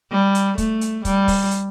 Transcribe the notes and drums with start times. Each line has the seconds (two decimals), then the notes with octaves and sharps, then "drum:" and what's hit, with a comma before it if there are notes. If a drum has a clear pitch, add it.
0.11 G3
0.35 drum: hi-hat
0.58 A3, drum: kick, hi-hat
0.81 drum: hi-hat
1.05 G3, drum: kick, hi-hat
1.28 drum: kick, open hi-hat
1.51 drum: hi-hat